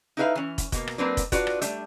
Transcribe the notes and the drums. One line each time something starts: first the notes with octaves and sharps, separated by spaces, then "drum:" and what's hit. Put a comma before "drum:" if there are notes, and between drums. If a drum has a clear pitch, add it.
D#4 E4 A4 B4 E5 F5
E3 C#4
drum: kick, hi-hat
B2 A#3, drum: kick, hi-hat
drum: rim click
F#3 A#3 C4 D4 B4
drum: kick, hi-hat
D4 F4 F#4 B4 D5, drum: kick, hi-hat
drum: rim click
G3 A3 D4, drum: hi-hat